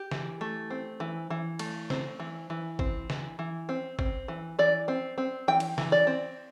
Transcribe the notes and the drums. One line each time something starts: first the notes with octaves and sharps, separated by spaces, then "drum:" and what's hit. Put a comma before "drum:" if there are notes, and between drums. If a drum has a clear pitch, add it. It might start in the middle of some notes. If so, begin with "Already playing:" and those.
Already playing: G4
E3, drum: snare
A3
C4
E3
E3
A3, drum: cymbal
C4, drum: snare
E3
E3
C4, drum: kick
E3, drum: snare
E3
C4
C4, drum: kick
E3
E3 D5
C4
C4
E3 G5
drum: cymbal
E3, drum: snare
D5
C4